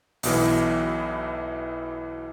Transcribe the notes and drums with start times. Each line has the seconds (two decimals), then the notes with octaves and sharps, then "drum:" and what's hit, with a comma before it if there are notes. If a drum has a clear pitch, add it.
0.23 B1 B2 E3, drum: open hi-hat